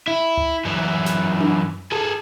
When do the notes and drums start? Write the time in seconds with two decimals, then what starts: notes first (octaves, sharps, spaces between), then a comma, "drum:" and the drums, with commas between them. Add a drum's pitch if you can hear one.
0.08 E4
0.37 drum: tom C#2
0.65 F#2 E3
1.06 drum: snare
1.41 drum: tom D4
1.92 G#4 A4